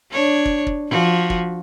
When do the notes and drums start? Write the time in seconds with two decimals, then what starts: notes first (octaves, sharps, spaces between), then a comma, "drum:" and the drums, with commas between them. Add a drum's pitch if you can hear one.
0.10 D4 C#5
0.45 drum: kick
0.67 drum: kick
0.88 F3 F#4
1.30 drum: kick